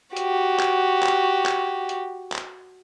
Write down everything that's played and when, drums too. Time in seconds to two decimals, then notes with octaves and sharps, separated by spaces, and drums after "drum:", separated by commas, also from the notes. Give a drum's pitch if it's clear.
0.17 F#4 G4, drum: hi-hat
0.60 drum: clap
1.03 drum: clap
1.46 drum: clap
1.89 drum: hi-hat
2.32 drum: clap